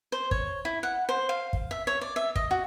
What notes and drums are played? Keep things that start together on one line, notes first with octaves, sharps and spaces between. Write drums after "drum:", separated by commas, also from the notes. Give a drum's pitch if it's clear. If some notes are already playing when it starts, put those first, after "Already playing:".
C5
C#5, drum: kick
E4
F#5
C5
F5
drum: kick
E5
C#5
D5
E5
D#5, drum: kick
F#4